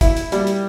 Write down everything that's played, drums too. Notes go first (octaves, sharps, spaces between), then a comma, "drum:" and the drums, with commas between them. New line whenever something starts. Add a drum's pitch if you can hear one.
E4, drum: kick, hi-hat
drum: hi-hat
G3, drum: hi-hat
drum: hi-hat